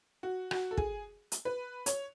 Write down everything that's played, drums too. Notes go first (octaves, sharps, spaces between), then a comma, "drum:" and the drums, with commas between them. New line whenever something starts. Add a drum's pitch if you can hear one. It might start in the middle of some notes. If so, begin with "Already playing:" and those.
F#4
F#4, drum: rim click
A4
G#4, drum: kick
drum: hi-hat
B4
C#5, drum: hi-hat